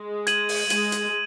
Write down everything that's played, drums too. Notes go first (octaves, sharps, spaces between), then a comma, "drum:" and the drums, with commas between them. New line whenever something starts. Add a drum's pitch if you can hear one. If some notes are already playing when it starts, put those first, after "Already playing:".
Already playing: G#3
G#6 D#7 F#7, drum: hi-hat
drum: open hi-hat
G#3 G#6 D#7 F#7, drum: hi-hat
drum: hi-hat